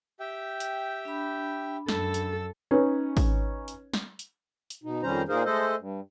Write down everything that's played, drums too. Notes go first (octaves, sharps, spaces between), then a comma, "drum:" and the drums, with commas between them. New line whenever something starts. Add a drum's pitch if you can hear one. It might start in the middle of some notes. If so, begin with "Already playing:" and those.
G4 E5 G5
drum: hi-hat
D4 B5
F#2 A4 E6, drum: snare
drum: hi-hat
C#4 D#4 B4 C#5
drum: kick, open hi-hat
drum: hi-hat
drum: snare
drum: hi-hat
drum: hi-hat
B2 D#4
F2 D#3 G3 C#4 C5 A#5
A#2 A#3 D#4 G#4 A#4 C5
G#3 A3 A4 C5 D#5
G2